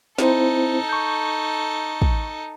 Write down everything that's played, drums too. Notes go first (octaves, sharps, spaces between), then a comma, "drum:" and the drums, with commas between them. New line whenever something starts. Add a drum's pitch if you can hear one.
C4 D#4 E4 A4 C5, drum: snare
C#6 G6
drum: kick